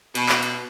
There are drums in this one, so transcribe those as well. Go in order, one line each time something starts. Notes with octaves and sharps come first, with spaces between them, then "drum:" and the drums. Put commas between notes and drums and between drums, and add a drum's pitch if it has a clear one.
B2, drum: hi-hat
drum: clap
drum: hi-hat